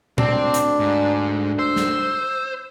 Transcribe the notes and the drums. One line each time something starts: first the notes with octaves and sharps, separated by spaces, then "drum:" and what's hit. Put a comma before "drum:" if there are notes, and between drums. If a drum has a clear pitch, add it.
D2 C4 D4, drum: tom A#2
drum: hi-hat
G#2
C5 E6
drum: snare